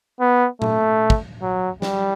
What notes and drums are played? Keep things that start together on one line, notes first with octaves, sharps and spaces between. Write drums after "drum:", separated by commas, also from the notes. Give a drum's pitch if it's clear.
B3
A3, drum: tom A#2
drum: kick
F#3
G3, drum: snare